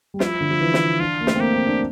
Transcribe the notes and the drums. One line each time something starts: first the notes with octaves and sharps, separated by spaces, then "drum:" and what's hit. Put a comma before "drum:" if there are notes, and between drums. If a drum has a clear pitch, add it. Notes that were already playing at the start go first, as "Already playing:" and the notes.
G3
F3 E4, drum: snare
D3
F3
E3
drum: snare
D4 F4
A#3
A3, drum: snare
C4
A#3 G4
C4
D4